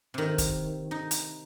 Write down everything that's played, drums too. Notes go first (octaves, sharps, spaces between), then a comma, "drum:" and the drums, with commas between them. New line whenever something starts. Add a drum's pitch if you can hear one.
C3 D#3
drum: kick, hi-hat
D#4
drum: hi-hat